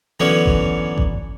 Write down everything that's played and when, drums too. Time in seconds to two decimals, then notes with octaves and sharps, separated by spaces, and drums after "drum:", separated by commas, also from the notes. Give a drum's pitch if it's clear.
0.20 D3 E3 F#3 B3 C#4
0.46 drum: kick G#1
0.98 drum: kick G#1